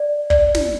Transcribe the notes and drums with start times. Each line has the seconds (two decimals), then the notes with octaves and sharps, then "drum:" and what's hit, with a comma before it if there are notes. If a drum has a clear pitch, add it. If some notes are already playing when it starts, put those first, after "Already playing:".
Already playing: D5
0.30 D5, drum: kick
0.55 drum: snare